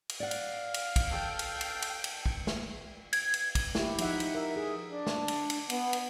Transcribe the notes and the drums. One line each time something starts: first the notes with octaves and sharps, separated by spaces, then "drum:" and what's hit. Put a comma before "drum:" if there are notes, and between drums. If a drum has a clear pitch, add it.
drum: cymbal
D5 F5 F#5
drum: cymbal
drum: cymbal
drum: kick, cymbal
A4 G5
drum: cymbal
drum: cymbal
drum: cymbal
drum: cymbal
drum: kick
drum: snare
G#6, drum: cymbal
drum: cymbal
drum: kick, cymbal
E4 G4, drum: snare
F3 D#4 E5 F#5, drum: cymbal
drum: cymbal
A#4 E5
G#4
D4
drum: snare
drum: cymbal
drum: cymbal
B3, drum: cymbal
drum: cymbal